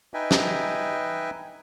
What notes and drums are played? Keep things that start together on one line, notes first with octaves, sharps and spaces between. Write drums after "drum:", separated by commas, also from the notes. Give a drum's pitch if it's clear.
D#4 B4 D#5 E5 G5 G#5
drum: snare